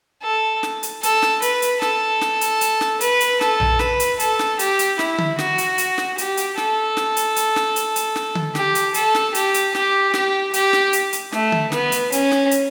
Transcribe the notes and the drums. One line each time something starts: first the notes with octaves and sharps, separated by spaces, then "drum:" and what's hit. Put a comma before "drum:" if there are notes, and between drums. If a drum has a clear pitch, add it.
A4
drum: snare
drum: hi-hat
A4, drum: hi-hat
drum: snare
B4, drum: hi-hat
drum: hi-hat
A4, drum: snare
drum: snare
drum: hi-hat
drum: hi-hat
drum: snare
B4, drum: hi-hat
drum: hi-hat
A4, drum: snare
drum: tom A#1
B4, drum: snare
drum: hi-hat
A4, drum: hi-hat
drum: snare
G4, drum: hi-hat
drum: hi-hat
E4, drum: snare
drum: tom D3
F#4, drum: snare
drum: hi-hat
drum: hi-hat
drum: snare
G4, drum: hi-hat
drum: hi-hat
A4, drum: snare
drum: snare
drum: hi-hat
drum: hi-hat
drum: snare
drum: hi-hat
drum: hi-hat
drum: snare
drum: tom D3
G4, drum: snare
drum: hi-hat
A4, drum: hi-hat
drum: snare
G4, drum: hi-hat
drum: hi-hat
G4, drum: snare
G4, drum: snare
G4, drum: hi-hat
drum: snare
drum: hi-hat
drum: hi-hat
A3, drum: snare
drum: tom D3
B3, drum: snare
drum: hi-hat
C#4, drum: hi-hat
drum: snare
drum: hi-hat